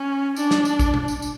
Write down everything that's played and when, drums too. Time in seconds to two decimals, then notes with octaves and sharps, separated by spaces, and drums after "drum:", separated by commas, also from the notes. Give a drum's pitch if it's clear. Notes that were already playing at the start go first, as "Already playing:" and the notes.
Already playing: C#4
0.36 D4, drum: tambourine
0.51 drum: snare
0.65 drum: tambourine
0.79 drum: kick, tambourine
0.94 drum: tom B2
1.08 drum: tambourine
1.22 drum: tambourine